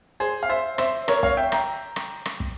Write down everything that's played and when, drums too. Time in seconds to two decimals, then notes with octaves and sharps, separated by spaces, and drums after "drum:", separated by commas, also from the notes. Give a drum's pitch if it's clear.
0.20 G#4 C5
0.43 F5
0.49 C5 E5
0.78 C5 E5, drum: rim click
1.08 A#4 C#5, drum: rim click
1.23 C#5 F5, drum: kick
1.37 E5 G5
1.52 G5 A#5, drum: rim click
1.96 drum: rim click
2.25 drum: rim click
2.40 drum: kick